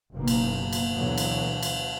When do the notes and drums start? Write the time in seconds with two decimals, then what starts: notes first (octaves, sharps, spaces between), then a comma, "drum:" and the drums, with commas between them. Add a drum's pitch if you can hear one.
0.13 F#1 B2 D#3 A#3
0.28 drum: cymbal
0.73 drum: cymbal
0.95 D2 B2 D3 E3 F#3
1.18 drum: cymbal
1.63 drum: cymbal